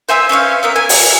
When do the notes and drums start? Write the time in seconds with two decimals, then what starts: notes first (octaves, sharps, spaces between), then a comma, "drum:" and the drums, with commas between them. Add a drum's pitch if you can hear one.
0.09 C5 E5 G#5 E6
0.29 C#4 B4 C#5 F5
0.63 B3 A#4 E5
0.76 G#5
0.89 drum: open hi-hat